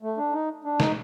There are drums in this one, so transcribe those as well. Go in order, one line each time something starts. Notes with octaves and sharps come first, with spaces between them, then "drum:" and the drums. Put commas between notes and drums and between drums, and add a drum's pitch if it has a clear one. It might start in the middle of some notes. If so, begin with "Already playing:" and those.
A3
D4
D#4
D4
D#4, drum: snare